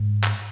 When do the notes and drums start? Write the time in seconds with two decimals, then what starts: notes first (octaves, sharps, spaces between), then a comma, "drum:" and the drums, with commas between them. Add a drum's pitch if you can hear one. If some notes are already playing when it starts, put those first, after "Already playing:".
Already playing: G#2
0.24 drum: clap